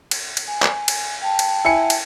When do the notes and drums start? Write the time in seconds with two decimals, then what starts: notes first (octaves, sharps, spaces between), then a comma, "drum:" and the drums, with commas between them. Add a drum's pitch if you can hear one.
0.11 drum: cymbal
0.37 drum: cymbal
0.48 G#5
0.62 drum: clap
0.88 drum: cymbal
1.22 G5 A5
1.39 drum: cymbal
1.65 E4 G#5 C#7
1.90 drum: cymbal